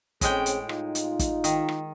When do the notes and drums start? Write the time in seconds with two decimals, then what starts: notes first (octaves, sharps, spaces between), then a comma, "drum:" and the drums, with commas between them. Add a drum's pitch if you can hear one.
0.21 A2 G#3 C4 C#4 G#4 G5, drum: kick, hi-hat
0.46 drum: hi-hat
0.69 D#4 F4, drum: rim click
0.95 drum: hi-hat
1.19 drum: kick, hi-hat
1.44 D#3, drum: hi-hat
1.68 drum: rim click